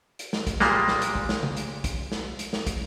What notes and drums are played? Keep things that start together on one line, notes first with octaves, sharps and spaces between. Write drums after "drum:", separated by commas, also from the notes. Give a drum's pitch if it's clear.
drum: hi-hat
drum: snare
drum: kick, hi-hat
A#2 G3 G#3 A#3, drum: snare
drum: snare
drum: hi-hat
drum: kick
drum: snare
drum: tom C#3
drum: hi-hat
drum: kick, hi-hat
drum: snare
drum: hi-hat
drum: snare
drum: kick, hi-hat